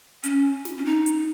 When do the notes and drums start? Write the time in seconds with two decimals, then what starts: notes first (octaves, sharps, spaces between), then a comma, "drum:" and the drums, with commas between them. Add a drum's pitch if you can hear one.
0.23 C#4, drum: hi-hat
0.65 drum: snare
0.78 C#4
0.85 D#4
1.06 drum: hi-hat